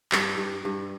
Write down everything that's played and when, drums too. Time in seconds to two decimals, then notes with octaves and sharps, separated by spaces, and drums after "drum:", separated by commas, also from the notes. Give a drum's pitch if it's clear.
0.12 G2, drum: clap
0.38 G2
0.65 G2